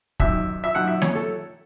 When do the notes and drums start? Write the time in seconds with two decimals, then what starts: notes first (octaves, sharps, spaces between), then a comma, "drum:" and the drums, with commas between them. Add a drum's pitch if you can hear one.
0.20 F#2 D#3 E5, drum: kick
0.64 E5
0.75 F#2 D#3 F#5
0.88 E5
1.02 C#5, drum: snare
1.15 A4